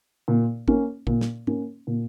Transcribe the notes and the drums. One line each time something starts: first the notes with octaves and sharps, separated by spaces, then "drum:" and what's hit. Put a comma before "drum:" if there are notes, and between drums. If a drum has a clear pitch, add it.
A#2
A#3 C#4, drum: kick
A#2, drum: kick
drum: snare
A#3 C#4, drum: tom G#2
A#2